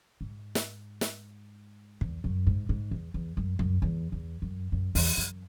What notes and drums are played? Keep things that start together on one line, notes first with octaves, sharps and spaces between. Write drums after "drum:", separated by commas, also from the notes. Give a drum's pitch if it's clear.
G#2
drum: snare
drum: snare
E2, drum: kick
F#2
G#2
G#2
E2
E2
F#2
F#2, drum: kick
E2
E2
F#2
F#2
E2, drum: open hi-hat
F#2